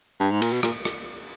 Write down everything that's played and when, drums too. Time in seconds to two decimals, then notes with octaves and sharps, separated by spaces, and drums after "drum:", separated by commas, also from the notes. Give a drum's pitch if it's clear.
0.20 G2
0.31 G#2
0.42 A#2, drum: cymbal
0.52 B2
0.63 A#2, drum: rim click
0.85 drum: rim click